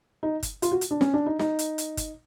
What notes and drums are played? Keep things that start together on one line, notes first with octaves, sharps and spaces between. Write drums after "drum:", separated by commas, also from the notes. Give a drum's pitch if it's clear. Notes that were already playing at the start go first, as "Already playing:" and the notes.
D#4
drum: kick G1, hi-hat
F4, drum: hi-hat
F#4
drum: hi-hat
D4
C#4, drum: snare
D4
D#4
D#4, drum: snare
drum: hi-hat
drum: hi-hat
drum: kick G1, hi-hat